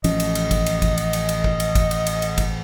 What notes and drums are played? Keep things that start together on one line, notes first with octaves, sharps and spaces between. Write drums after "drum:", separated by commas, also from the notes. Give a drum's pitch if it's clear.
A1 F3 C#4 D#5, drum: cymbal
drum: cymbal
drum: cymbal
drum: kick G1, cymbal
drum: cymbal
drum: kick G1, cymbal
drum: cymbal
drum: cymbal
drum: cymbal
drum: kick G1
drum: cymbal
drum: kick G1, cymbal
drum: cymbal
drum: cymbal
drum: cymbal
drum: kick G1, cymbal